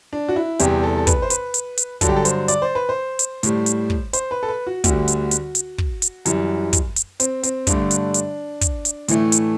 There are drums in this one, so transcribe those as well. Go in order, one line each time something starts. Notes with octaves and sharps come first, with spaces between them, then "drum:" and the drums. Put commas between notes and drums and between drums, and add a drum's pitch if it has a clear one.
D4
F#4
E4
E2 C3 G3 G4, drum: hi-hat
A4
A4
B4, drum: kick, hi-hat
C5
B4, drum: hi-hat
drum: hi-hat
drum: hi-hat
G2 D3 F#3 A4, drum: kick, hi-hat
G4
A4
C5, drum: hi-hat
D5, drum: hi-hat
C5
B4
C5
drum: hi-hat
A2 G3, drum: hi-hat
drum: hi-hat
drum: kick
C5, drum: hi-hat
B4
A4
B4
F#4
D2 D3 G3 F#4, drum: kick, hi-hat
drum: hi-hat
drum: hi-hat
drum: hi-hat
drum: kick
drum: hi-hat
F#2 E3 G3, drum: hi-hat
drum: kick, hi-hat
drum: hi-hat
C4, drum: hi-hat
C4, drum: hi-hat
G2 D3 A3 D4, drum: kick, hi-hat
drum: hi-hat
drum: hi-hat
drum: kick, hi-hat
drum: hi-hat
A2 E3 A3, drum: hi-hat
drum: hi-hat